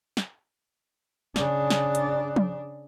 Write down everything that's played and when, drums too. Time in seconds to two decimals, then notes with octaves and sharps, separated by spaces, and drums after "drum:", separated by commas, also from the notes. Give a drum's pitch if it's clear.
0.17 drum: snare
1.36 C#3 D4, drum: snare
1.70 drum: snare
1.95 drum: hi-hat
2.36 drum: tom F3